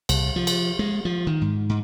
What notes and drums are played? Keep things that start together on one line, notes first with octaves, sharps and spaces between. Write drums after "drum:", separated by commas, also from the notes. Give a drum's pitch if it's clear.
C2, drum: cymbal
F3
drum: cymbal
G#3
F3
D#3
G#2
G#2